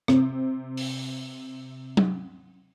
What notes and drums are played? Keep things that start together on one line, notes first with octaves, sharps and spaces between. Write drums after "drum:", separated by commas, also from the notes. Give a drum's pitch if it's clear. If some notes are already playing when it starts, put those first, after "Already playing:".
C3 C4, drum: rim click
drum: open hi-hat
drum: tom F#3